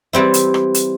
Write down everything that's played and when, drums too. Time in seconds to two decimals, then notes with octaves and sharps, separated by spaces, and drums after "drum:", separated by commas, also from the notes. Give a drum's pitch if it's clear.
0.13 E3 G3 C4 E4
0.34 drum: hi-hat
0.54 drum: rim click
0.74 drum: hi-hat